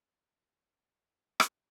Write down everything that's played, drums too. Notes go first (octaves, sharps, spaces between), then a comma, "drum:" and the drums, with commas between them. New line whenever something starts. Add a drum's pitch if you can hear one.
G#3
A3
G3
G#3
G#3
G3
drum: rim click